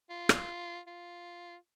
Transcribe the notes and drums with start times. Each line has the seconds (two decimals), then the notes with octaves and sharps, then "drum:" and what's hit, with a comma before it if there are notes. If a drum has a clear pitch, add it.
0.10 F4
0.29 drum: rim click
0.87 F4